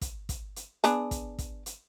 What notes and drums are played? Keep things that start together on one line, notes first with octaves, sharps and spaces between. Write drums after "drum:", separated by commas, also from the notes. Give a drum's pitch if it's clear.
drum: kick, hi-hat
drum: kick, hi-hat
drum: hi-hat
B3 D4 G#4, drum: hi-hat
drum: kick, hi-hat
drum: kick, hi-hat
drum: hi-hat